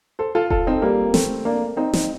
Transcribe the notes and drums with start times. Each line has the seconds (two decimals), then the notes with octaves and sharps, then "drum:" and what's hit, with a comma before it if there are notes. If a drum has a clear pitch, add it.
0.19 A4 C5
0.35 F4 A4
0.50 F4 A4, drum: kick E1
0.67 C4 D#4
0.82 G3 A#3
1.14 A3 C4, drum: snare
1.45 A#3 D4
1.77 C4 D#4
1.93 C4 D#4, drum: snare